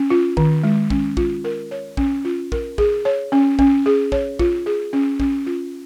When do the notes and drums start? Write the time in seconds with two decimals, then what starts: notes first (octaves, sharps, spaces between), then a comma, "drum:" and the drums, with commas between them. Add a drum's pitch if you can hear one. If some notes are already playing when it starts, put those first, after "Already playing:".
Already playing: C#4
0.10 F4
0.37 D#3, drum: kick
0.64 G#3
0.90 C#4, drum: kick
1.17 F4, drum: kick
1.44 A#4
1.71 C#5
1.97 C#4, drum: kick
2.25 F4
2.52 A#4, drum: kick
2.78 G#4, drum: kick
3.05 C#5
3.32 C#4
3.59 C#4, drum: kick
3.86 G#4
4.12 C#5, drum: kick
4.39 F4, drum: kick
4.66 G#4
4.93 C#4
5.20 C#4, drum: kick
5.47 F4